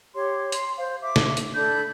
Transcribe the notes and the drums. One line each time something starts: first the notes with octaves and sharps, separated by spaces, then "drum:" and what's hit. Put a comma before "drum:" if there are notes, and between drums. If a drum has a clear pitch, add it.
G4 C#5 C6
C6, drum: hi-hat
C5 F5
E5 D6
drum: snare
drum: hi-hat
D4 A4 B5 G6